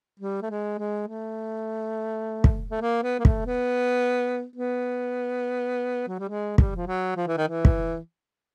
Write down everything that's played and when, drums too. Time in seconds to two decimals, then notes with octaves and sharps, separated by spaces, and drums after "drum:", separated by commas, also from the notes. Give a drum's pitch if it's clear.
0.20 G3
0.42 A3
0.50 G#3
0.78 G#3
1.08 A3
2.44 drum: kick
2.71 A3
2.81 A#3
3.03 B3
3.19 A#3
3.25 A3, drum: kick
3.46 B3
4.56 B3
6.08 F#3
6.19 G3
6.29 G#3
6.58 G3, drum: kick
6.76 F3
6.87 F#3
7.16 F3
7.27 E3
7.37 D#3
7.48 E3
7.65 drum: kick